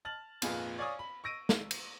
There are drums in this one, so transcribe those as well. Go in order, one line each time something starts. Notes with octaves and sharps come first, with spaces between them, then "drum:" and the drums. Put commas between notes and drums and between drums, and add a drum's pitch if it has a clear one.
A5 F6 A6 F#7
G#1 F2 A#2 F4 G#4 B4, drum: cymbal
C#5 D5 F5 G#5 C#6 D#6
B5
C#6 E6 A#6 D7 D#7
drum: snare
drum: cymbal